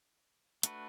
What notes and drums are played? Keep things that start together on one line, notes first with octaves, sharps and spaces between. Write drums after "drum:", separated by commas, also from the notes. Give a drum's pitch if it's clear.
A3 D4 F#4 B4, drum: hi-hat